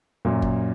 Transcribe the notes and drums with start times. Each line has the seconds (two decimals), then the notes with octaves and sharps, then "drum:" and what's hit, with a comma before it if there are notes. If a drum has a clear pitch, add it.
0.25 F#2 A#2
0.42 drum: kick G1